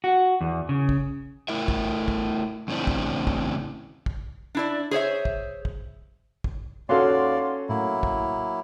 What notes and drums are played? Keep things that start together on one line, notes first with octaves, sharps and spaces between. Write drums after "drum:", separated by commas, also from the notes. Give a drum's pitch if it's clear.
F#4
E2
C#3
drum: kick
A3 E4 A#4 E5
drum: kick
drum: kick
E2 A2 C#3 C4 D4 E4
drum: kick
drum: kick
drum: kick
D4 E4 D5
G#4 C5 C#5 E5
drum: kick
drum: kick
drum: kick
D#2 C#4 F#4 A4 D5 F5 F#5 C6
A2 F#3 A#3 E4
drum: kick